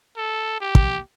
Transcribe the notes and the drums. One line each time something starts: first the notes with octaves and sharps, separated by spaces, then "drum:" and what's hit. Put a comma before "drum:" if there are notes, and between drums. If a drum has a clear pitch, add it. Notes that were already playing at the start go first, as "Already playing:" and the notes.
A4
G4
drum: kick